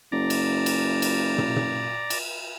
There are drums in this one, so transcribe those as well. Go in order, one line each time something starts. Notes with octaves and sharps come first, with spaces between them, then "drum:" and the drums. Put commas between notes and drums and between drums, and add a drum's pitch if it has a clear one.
F#1 D5 A#5
drum: cymbal
drum: cymbal
drum: cymbal
drum: tom
drum: tom
drum: cymbal